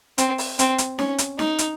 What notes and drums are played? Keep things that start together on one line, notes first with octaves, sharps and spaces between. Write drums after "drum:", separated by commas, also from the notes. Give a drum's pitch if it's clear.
C4, drum: hi-hat
drum: open hi-hat
C4, drum: hi-hat
drum: hi-hat
C#4, drum: snare D#4
drum: hi-hat
D#4, drum: snare D#4
drum: hi-hat